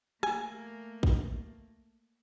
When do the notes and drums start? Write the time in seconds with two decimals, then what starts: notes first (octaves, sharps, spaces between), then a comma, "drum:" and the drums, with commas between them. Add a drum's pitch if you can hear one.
0.23 A3 A#3 G#5, drum: rim click
1.03 drum: kick